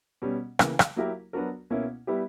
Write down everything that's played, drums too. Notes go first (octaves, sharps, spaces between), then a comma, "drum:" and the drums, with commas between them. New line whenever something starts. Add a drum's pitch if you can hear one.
B2 G3 C#4
C#3 E3 A#3, drum: rim click
drum: rim click
F#3 A#3 E4 G4 A#4
F#3 B3 D4 F#4 A#4
B2 A#3 C#4 E4
G3 B3 E4 G4